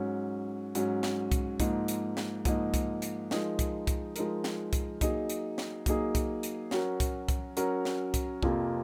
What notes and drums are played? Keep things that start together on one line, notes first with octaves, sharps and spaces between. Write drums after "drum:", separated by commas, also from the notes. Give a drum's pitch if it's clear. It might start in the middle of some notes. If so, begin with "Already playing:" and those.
Already playing: G#2 F#3 C#4
G#2 F#3 C#4, drum: hi-hat
drum: snare
drum: kick C2, hi-hat
G#2 F3 A#3 D#4, drum: kick C2, hi-hat
drum: hi-hat
drum: snare
G#2 F3 A#3 D#4, drum: kick C2, hi-hat
drum: kick C2, hi-hat
drum: hi-hat
F3 G#3 D#4 A#4, drum: snare
drum: kick C2, hi-hat
drum: kick C2, hi-hat
F3 G#3 D#4 A#4, drum: hi-hat
drum: snare
drum: kick C2, hi-hat
F#3 A#3 D#4 G#4, drum: kick C2, hi-hat
drum: hi-hat
drum: snare
F#3 A#3 D#4 G#4, drum: kick C2, hi-hat
drum: kick C2, hi-hat
drum: hi-hat
F#3 C#4 F#4 A#4, drum: snare
drum: kick C2, hi-hat
drum: kick C2, hi-hat
F#3 C#4 F#4 A#4, drum: hi-hat
drum: snare
drum: kick C2, hi-hat
F2 C3 F3 A#3 F4, drum: kick C2